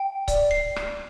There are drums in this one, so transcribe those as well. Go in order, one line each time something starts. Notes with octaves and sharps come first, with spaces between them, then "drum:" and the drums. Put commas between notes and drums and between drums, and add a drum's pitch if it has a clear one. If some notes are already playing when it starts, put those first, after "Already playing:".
Already playing: G5
D5, drum: kick C#1, hi-hat
C7
drum: rim click